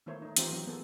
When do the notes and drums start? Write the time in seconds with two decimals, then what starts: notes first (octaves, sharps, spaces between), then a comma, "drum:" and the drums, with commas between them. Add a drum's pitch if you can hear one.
0.06 D#3 A3 A#3 E4 C5 C#5
0.22 A3 D#4
0.37 E3 C4 D#4 F4 G4 C5, drum: hi-hat
0.51 F#3 C4 D#4
0.67 A#3 B3 G#4 A4